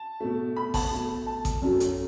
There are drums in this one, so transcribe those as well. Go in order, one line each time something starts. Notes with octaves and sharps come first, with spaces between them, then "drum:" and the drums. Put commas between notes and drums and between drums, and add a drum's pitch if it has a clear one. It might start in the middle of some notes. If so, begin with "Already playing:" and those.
Already playing: A5
B2 A3
B5
A5, drum: kick A1, open hi-hat
B2 A3
A5
drum: kick A1, hi-hat
F#2 F#3 A3
drum: hi-hat